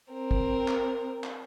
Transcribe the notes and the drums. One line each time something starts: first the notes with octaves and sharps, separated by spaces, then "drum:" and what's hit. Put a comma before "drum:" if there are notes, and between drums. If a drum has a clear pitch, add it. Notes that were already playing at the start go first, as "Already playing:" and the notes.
C4 A#4
drum: kick
drum: clap
drum: clap